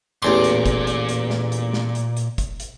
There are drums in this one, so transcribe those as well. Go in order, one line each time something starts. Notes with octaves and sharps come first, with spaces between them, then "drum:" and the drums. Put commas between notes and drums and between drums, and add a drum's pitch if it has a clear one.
A1 E2 A#2 C6
drum: hi-hat
drum: kick, hi-hat
drum: hi-hat
drum: hi-hat
drum: snare
drum: hi-hat
drum: snare
drum: hi-hat
drum: hi-hat
drum: kick, hi-hat
drum: hi-hat